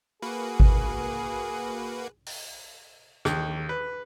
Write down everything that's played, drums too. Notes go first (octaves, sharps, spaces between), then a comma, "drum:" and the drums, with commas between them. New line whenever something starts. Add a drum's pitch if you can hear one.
A#3 F#4 G#4 B4
drum: kick G#1
drum: open hi-hat
D#2, drum: rim click
B4